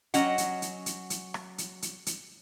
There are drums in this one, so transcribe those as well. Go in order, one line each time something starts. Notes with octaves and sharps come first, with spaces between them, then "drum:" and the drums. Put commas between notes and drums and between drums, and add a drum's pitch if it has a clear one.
F#3 C#4 D#5 F#5, drum: hi-hat
drum: hi-hat
drum: hi-hat
drum: hi-hat
drum: hi-hat
drum: rim click
drum: hi-hat
drum: hi-hat
drum: hi-hat